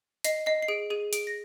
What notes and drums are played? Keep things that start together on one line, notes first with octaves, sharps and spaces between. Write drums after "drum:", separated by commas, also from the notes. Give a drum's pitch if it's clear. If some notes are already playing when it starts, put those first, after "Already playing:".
D#5 C7, drum: hi-hat
D#5 C7
C7
G#4 D7
G#4 D#7
G#4 D7, drum: hi-hat
A#6